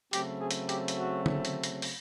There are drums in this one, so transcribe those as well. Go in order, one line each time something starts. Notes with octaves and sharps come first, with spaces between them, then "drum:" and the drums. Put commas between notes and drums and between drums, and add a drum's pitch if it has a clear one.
C#3 F#3 A3 C4 G4, drum: hi-hat
G#4
drum: hi-hat
G4, drum: hi-hat
drum: hi-hat
F#4
drum: tom D3
drum: hi-hat
drum: hi-hat
drum: open hi-hat